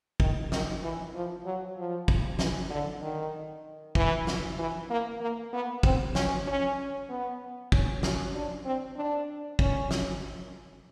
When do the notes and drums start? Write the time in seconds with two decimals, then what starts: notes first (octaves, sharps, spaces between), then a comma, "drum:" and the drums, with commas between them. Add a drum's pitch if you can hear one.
0.20 D#3, drum: kick
0.52 D#3, drum: snare
0.83 E3
1.14 F3
1.45 F#3
1.77 F3
2.08 drum: kick
2.39 E3, drum: snare
2.70 D3
3.01 D#3
3.95 E3, drum: kick
4.27 drum: snare
4.58 E3
4.90 A#3
5.21 A#3
5.53 B3
5.83 C4, drum: kick
6.15 C#4, drum: snare
6.47 C#4
7.09 B3
7.72 C#4, drum: kick
8.03 C#4, drum: snare
8.35 D4
8.65 C4
8.96 D4
9.59 C#4, drum: kick
9.91 drum: snare